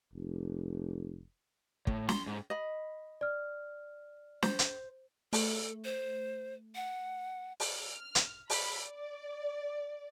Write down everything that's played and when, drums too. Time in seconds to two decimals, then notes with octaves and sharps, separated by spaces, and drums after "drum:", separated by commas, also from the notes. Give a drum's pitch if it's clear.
0.13 F1
1.87 A2, drum: kick
2.09 C6, drum: snare
2.27 G#2
2.50 D#5 B5
3.21 D5 F6
4.42 C5, drum: snare
4.59 drum: hi-hat
5.33 A3 A4, drum: open hi-hat
5.84 C5
6.75 F#5
7.60 drum: open hi-hat
7.81 F6
8.15 drum: hi-hat
8.50 B5, drum: open hi-hat
8.85 D5